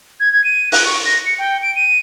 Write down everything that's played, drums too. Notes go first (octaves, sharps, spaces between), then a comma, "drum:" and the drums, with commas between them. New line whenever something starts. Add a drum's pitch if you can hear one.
G#6
G#6
D#7
F#6, drum: open hi-hat
C#6
A#6
C#7
G5
D7
D#7